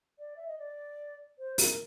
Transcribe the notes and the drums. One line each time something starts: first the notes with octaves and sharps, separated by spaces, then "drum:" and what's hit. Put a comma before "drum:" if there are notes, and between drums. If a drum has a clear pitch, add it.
D5
E5
D#5
D5
C5
A#4, drum: open hi-hat